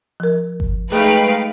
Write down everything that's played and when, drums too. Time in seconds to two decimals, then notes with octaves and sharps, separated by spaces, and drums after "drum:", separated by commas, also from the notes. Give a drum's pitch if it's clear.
0.20 F3 A#4
0.60 drum: kick G1
0.92 G#3 A3 D#4 G#4 B4 F5 G5